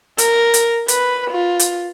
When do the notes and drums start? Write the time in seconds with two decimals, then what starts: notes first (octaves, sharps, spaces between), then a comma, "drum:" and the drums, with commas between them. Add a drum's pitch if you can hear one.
0.18 A#4, drum: hi-hat
0.54 drum: hi-hat
0.88 B4, drum: hi-hat
1.31 F4
1.59 drum: hi-hat